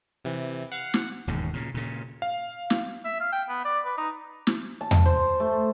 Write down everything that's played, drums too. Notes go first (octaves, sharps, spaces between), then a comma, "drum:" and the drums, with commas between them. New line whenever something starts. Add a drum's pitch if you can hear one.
C3 E3
F5 F#5
drum: snare
E1 D#2 G#2 C#3
A#2 C#3
A#2 C#3
F5
drum: snare
E5
F5
G5
B3
D5
B4
D#4
drum: snare
A5
drum: tom E2
C5
A3